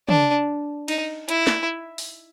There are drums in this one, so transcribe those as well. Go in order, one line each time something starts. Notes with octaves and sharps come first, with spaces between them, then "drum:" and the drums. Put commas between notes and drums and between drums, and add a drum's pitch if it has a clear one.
D4, drum: tom
D#4, drum: cymbal
E4, drum: hi-hat
drum: snare
drum: open hi-hat